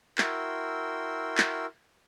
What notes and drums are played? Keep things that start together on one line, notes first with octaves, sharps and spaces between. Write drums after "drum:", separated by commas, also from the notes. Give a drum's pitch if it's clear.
E4 F#4 A#4 G5 C6 E6, drum: clap
drum: clap